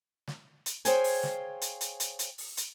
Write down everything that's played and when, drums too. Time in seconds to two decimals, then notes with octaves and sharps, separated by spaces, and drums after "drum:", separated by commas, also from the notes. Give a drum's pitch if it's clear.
0.28 drum: snare
0.66 drum: hi-hat
0.85 G#4 C5 C#5 F5 G5 G#5, drum: hi-hat
1.04 drum: open hi-hat
1.23 drum: snare
1.61 drum: hi-hat
1.81 drum: hi-hat
2.00 drum: hi-hat
2.19 drum: hi-hat
2.38 drum: open hi-hat
2.57 drum: hi-hat